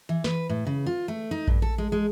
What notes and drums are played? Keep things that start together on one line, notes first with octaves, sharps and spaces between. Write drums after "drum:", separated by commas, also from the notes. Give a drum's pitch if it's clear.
E3
B4, drum: snare
A2
C#3
F4
A3
D#4
G2, drum: kick A#1
A4
G#3
G#3